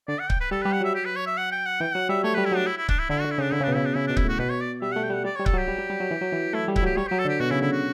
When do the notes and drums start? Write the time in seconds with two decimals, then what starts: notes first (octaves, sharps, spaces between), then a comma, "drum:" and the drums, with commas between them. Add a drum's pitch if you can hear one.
0.08 D3 D5
0.19 F#5
0.30 G5, drum: kick C#1
0.40 B4
0.51 G3 A4
0.62 G3 B4
0.72 F#5
0.81 F#3 E5
0.95 G4
1.05 B4
1.16 C#5
1.26 E5
1.37 F#5
1.52 G5
1.66 F#5
1.80 E3 G5
1.94 F#3 F#5
2.09 G3 E5
2.24 A3 C#5
2.34 G3 B4
2.45 E4
2.52 F#3 D4
2.66 E4
2.77 E4
2.89 D4, drum: kick C#1
2.99 E4
3.10 D3 E4
3.20 D3 F#4
3.31 E4
3.38 C#3
3.42 D4
3.52 D3 E4
3.60 C#3
3.63 B2 D4
3.75 C#3 E4
3.85 D4
3.95 C#3 E4
4.07 B2 D4
4.17 E4, drum: kick C#1
4.24 A2
4.28 F#4
4.39 B2 B4
4.50 C#5
4.61 D5
4.82 G3 E5
4.92 A3 F#5
5.03 G5
5.10 G3
5.14 F#5
5.24 G3 D5
5.35 G3 C#5
5.46 A4, drum: kick C#1
5.53 F#3
5.57 G4
5.68 G3
5.78 G3
5.90 G3
6.00 F#3
6.11 E3
6.21 F#3
6.32 E3
6.53 A3 E4
6.68 G3
6.76 E4, drum: kick C#1
6.83 F#3
6.86 G4
6.96 G3 C#5
7.07 F#3 G4
7.19 A4
7.25 D3
7.29 G4
7.40 B2 F#4
7.50 C#3 E4
7.61 D3 E4
7.72 F#4